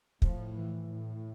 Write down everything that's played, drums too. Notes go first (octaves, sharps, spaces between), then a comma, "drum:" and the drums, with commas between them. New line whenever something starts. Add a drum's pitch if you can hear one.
A2 F3, drum: kick
E3
A2